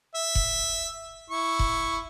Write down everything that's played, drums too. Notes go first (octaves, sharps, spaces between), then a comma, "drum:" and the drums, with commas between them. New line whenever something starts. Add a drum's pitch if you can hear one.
E5
drum: kick E1
E4 C#6
drum: kick E1